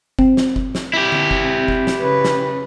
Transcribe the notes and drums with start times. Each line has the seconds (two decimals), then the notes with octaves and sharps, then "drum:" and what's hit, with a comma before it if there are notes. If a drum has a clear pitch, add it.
0.19 C4, drum: kick F#1
0.37 drum: snare
0.56 drum: kick F#1
0.75 drum: snare
0.93 E4 G4
1.12 drum: tom D3
1.31 drum: kick F#1
1.68 drum: kick F#1
1.87 drum: snare
1.99 C#3 B4
2.25 drum: snare